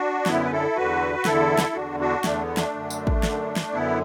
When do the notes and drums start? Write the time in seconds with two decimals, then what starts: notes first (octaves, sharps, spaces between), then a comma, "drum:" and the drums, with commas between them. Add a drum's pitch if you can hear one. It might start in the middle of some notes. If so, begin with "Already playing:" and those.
Already playing: D4 F#4
0.26 F#2 D3 B3 E4, drum: snare
0.45 B4
0.51 E4 A4
0.76 E2 D3 F#4 B4
1.15 F#4
1.25 E2 D3 E4 A4, drum: snare
1.59 drum: snare
1.74 E2 D3 D4 F#4
1.99 D4 F#4
2.24 E2 D3 A3 D4, drum: snare
2.41 B3
2.57 A3 D4, drum: snare
2.75 F#2 D3
2.90 drum: tambourine
3.07 drum: kick
3.23 F#2 D3, drum: snare
3.56 drum: snare
3.73 F#2 D3 B3 E4